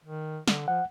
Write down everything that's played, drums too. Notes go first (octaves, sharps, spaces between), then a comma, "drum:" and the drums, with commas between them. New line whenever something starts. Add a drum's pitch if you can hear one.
D#3
D3, drum: snare
F3 F#5